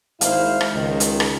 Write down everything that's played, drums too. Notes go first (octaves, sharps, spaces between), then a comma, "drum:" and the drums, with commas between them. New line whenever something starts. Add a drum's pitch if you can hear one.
G#1 G#2 A#3 E4 C5 F5, drum: hi-hat
drum: rim click
C#2 D#3
drum: hi-hat
drum: rim click